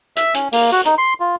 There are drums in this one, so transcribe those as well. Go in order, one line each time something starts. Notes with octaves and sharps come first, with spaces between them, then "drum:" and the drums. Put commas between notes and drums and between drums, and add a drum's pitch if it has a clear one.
E5, drum: hi-hat
C#4, drum: hi-hat
A#3, drum: open hi-hat
F#4
D#4, drum: hi-hat
C6
F4